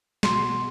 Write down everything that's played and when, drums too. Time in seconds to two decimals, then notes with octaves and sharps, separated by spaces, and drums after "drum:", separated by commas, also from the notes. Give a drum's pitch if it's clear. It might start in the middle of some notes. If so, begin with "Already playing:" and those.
0.23 B2 C6, drum: snare